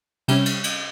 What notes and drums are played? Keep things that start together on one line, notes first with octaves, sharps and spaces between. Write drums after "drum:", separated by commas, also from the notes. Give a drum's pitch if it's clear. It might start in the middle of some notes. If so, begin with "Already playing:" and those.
C3 G3 C#4, drum: cymbal
drum: cymbal
drum: cymbal